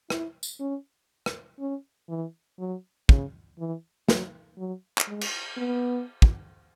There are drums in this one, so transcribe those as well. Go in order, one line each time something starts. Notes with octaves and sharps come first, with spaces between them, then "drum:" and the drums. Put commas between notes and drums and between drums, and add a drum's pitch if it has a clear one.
E4, drum: rim click
drum: tambourine
C#4
drum: rim click
C#4
E3
F#3
C#3, drum: kick
E3
F#3, drum: snare
F#3
drum: clap
G#3
drum: cymbal
B3
drum: kick